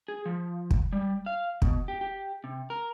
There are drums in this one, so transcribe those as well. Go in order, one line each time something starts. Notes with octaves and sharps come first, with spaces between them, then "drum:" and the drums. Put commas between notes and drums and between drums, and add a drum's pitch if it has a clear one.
G#4
F3
drum: kick
G3
F5
B2, drum: kick
G4
G4
C3
A#4